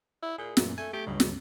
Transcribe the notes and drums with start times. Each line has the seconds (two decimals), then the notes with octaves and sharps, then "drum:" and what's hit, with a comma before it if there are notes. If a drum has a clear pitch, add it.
0.23 E4
0.38 A#2 G#4
0.57 F#2 A#2 E3, drum: snare
0.78 A3 G#5
0.93 A3 G4
1.07 C#2 G2 B2 F#3
1.20 drum: snare